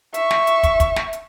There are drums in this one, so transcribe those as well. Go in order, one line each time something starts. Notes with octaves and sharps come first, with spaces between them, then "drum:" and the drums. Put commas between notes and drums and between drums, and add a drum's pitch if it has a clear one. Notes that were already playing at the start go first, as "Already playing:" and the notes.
E5 C#6, drum: hi-hat
drum: snare
drum: hi-hat
drum: kick, hi-hat
drum: kick, hi-hat
drum: snare
drum: hi-hat